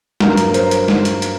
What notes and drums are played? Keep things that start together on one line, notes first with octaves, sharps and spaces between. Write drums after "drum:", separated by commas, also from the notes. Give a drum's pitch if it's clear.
G2 F#3 A#3 A#4, drum: snare
drum: hi-hat
A#4
C5, drum: hi-hat
drum: hi-hat
drum: snare
drum: hi-hat
drum: hi-hat